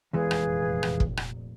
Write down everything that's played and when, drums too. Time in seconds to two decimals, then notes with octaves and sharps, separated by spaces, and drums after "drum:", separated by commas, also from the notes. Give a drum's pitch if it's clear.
0.13 F1 E2 A#2 E3 G#3 G#4 B4 F5
0.31 drum: rim click
0.83 drum: rim click
1.00 drum: kick
1.17 drum: rim click